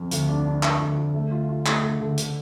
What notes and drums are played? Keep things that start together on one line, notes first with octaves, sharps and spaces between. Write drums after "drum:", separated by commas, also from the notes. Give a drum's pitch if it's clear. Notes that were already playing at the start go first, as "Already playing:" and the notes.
Already playing: F2
D2, drum: hi-hat
D4
D4
D4, drum: clap
D2
D2
A3
F4
F4
A3, drum: clap
D3
D3
D3, drum: hi-hat